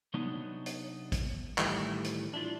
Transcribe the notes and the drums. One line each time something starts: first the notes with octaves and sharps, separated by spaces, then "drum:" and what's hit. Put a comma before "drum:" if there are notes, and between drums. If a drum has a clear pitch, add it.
C3 F#3 B3 D4 D#4
drum: hi-hat
drum: kick, hi-hat
A2 D#3 E3 G3 A3, drum: clap
drum: hi-hat
D4 E4 F4